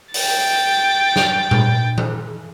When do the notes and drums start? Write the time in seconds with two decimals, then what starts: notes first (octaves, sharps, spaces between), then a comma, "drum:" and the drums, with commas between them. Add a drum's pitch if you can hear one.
0.14 G5 A6, drum: open hi-hat
1.16 drum: snare
1.51 drum: tom A#2
1.98 drum: tom E3